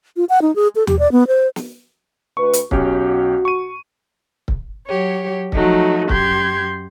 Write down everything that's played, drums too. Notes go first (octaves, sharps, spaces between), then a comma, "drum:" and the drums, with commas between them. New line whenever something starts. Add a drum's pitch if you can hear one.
F4
F#5
D#4
G#4
A4
G4, drum: tom D#2
D5
B3
C5
drum: snare
D2 B4 C#6
drum: hi-hat
B1 C#4 F#4 G4, drum: kick C#1
C#6 D#7
drum: kick C#1
F#3 G4 C#5
F3 F#3 A3 D#4, drum: kick C#1
F#2 G4 C6 G6 G#6, drum: kick C#1